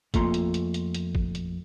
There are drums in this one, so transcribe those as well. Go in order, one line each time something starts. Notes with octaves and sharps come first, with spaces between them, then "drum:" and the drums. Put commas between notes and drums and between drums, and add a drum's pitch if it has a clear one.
F2 A3 A#3 F4 A#5 C6, drum: kick, hi-hat
drum: hi-hat
drum: hi-hat
drum: hi-hat
drum: hi-hat
drum: kick
drum: hi-hat